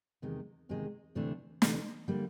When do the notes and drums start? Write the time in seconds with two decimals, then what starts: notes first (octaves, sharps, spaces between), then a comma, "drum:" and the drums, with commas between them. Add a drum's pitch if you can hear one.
0.22 E2 C3 D#3 G#3
0.69 E2 C3 D#3 G#3
1.15 D2 C3 E3 A3 D4
1.62 D2 C3 E3 A3 D4, drum: snare
2.08 D3 G3 A#3